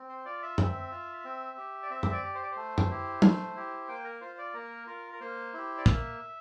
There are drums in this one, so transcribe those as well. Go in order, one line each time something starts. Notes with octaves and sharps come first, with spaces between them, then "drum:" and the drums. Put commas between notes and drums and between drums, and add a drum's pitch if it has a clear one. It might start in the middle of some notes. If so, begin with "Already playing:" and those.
Already playing: C4
C5
F4 D5
E5
C4, drum: tom F#2
F4
C4
G4
D5
C4 E5
drum: tom F#2
D5
G4
C5
D5
A3 C5
drum: tom F#2
E4 G4
A3, drum: tom
E4 G4
A#3 G5
A#4
F4 C5
D5
A#3 A#4
F4 A#4
A#4
A#3 C5
E4 G4
D5
A#3 E5, drum: kick